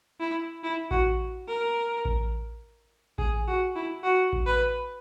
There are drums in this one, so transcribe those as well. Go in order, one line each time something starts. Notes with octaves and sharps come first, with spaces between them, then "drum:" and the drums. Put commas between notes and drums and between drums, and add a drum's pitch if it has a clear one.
E4
E4
F#4, drum: kick A1
A#4
drum: kick A1
G#4, drum: kick A1
F#4
E4
F#4
drum: kick A1
B4